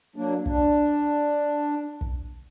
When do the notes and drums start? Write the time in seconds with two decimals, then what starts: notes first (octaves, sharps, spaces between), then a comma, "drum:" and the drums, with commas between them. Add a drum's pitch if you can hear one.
0.16 F#3 A#3 D4
0.46 D4, drum: kick
2.01 drum: kick